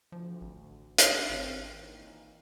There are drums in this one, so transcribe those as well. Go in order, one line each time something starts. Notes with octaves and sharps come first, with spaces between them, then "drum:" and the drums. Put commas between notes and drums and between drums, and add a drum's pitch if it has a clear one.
D2 F3
A1
G#3 C#4, drum: hi-hat
G#1 C4
A#2 D#3 E3